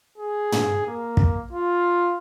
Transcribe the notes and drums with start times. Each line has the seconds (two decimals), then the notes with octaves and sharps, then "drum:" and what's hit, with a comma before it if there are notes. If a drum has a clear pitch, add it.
0.18 G#4
0.52 drum: tom
0.87 A#3
1.17 drum: kick
1.53 F4